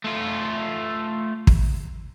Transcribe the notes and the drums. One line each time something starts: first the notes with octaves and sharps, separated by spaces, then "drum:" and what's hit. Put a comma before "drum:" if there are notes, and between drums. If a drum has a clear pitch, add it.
A3 F4
drum: kick